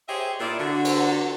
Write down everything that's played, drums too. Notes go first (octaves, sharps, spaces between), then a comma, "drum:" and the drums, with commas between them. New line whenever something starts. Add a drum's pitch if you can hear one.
G4 G#4 C5 C#5 D#5 E5
A#2 E4 D5
D3 F#4
drum: cymbal